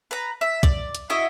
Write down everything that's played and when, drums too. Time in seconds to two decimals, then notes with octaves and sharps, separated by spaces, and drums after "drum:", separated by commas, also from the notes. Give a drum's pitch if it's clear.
0.11 B4 A#5
0.41 E5
0.63 D5, drum: kick, hi-hat
0.95 drum: hi-hat
1.10 E4 F#4 D#5 E5